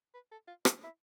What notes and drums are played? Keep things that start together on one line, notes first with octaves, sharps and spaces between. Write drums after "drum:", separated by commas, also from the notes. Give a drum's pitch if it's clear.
B4
A4
F4
E4, drum: rim click
E4